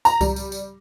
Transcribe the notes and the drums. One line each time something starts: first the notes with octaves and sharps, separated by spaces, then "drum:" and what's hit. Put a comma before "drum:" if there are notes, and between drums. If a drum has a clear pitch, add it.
A#5, drum: tambourine
G3, drum: kick C2, tambourine
drum: tambourine
drum: tambourine